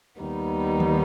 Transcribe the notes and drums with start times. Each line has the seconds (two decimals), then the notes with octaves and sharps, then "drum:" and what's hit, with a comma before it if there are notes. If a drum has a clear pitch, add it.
0.19 D#2 D#3 G3 B3 D#4
0.80 drum: tom D#3